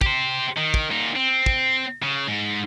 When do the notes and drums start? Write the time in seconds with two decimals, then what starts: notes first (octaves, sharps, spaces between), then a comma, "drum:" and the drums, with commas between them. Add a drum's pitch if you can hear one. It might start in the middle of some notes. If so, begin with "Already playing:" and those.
0.01 G4 C5, drum: kick
0.57 D#3
0.74 drum: kick
0.91 A#2 D#4
1.16 C4
1.46 drum: kick
2.02 C#3
2.27 G#2